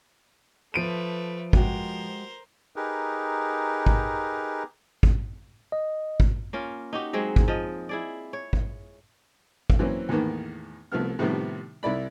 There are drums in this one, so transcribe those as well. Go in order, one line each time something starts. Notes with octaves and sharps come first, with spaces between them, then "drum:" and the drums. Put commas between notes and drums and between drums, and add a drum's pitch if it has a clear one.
F3 A3 B4 D7 D#7
G#3 F#4 G4 A#4 C5, drum: kick G#1
D#4 G4 G#4 A#4 B4
drum: kick G#1
drum: kick G#1
D#5
drum: kick G#1
A#3 C#4 F4
D#4 F#4 G4
F#3 G#3 C4 C#5
drum: kick G#1
F3 D#5
E4 G#4 D5
C#5
drum: kick G#1
drum: kick G#1
E3 F#3 A#3 C4 C#4
E2 A2 D#3 A#3 B3
C2 F3 A3 B3 F6
A2 C3 D#3 F3 G3 B3
C2 E4 D5 B5